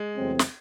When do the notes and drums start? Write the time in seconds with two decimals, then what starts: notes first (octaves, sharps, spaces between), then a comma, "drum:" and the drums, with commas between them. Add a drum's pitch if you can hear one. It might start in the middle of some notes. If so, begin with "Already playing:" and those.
Already playing: G#3
0.15 E2 C3 F#3 A3 C4
0.39 drum: snare